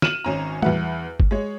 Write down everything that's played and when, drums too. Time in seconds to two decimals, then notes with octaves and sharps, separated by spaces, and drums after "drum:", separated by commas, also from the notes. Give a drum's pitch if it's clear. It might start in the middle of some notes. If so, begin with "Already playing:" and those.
0.02 F6 D#7 E7 F#7, drum: snare
0.24 G#1 C#4 A#5
0.62 E2 B4 F#5, drum: tom G3
1.20 drum: kick
1.31 G#3 C#5